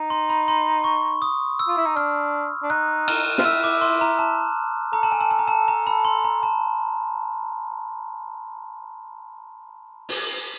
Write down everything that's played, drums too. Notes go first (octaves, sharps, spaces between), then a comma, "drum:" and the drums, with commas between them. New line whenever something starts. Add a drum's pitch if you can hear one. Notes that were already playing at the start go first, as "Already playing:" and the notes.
Already playing: D#4
C6
B5
C6
C#6
D#6
E6
F4
E4
D#4
D4 F6
D4
D#4 F#6
F6, drum: cymbal
F4 F6, drum: snare
E4 E6
D6
C6
A#5
A5
A4 A#5
A5
G#5
A5
A5
A#5
A5
A#5
B5
C6
A#5
A5
drum: open hi-hat